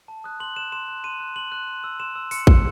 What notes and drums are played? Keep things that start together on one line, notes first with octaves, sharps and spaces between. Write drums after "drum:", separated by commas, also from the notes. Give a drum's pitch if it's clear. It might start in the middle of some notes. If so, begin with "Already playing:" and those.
A5
D#6 F#6
C6 F#7
F#6 E7
C6 E7
F#6
C6 D#7
F#6
C6 F#7
F#6
C6
E6
C6 E7
E6
C6 C#7, drum: open hi-hat
E6, drum: kick